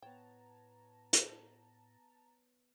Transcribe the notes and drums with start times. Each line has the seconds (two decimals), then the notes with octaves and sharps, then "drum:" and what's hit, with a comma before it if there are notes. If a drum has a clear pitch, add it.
0.02 A2 B3 C#5 G5 A5 A#5
1.13 drum: hi-hat